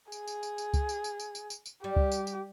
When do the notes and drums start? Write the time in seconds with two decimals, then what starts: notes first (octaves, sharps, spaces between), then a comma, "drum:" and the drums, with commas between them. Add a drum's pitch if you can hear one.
0.12 G#4, drum: tambourine
0.27 drum: tambourine
0.43 drum: tambourine
0.58 drum: tambourine
0.74 drum: kick C#2, tambourine
0.89 drum: tambourine
1.04 drum: tambourine
1.20 drum: tambourine
1.35 drum: tambourine
1.50 drum: tambourine
1.66 drum: tambourine
1.84 G3 G4
1.96 drum: kick C#2
2.12 drum: tambourine
2.27 drum: tambourine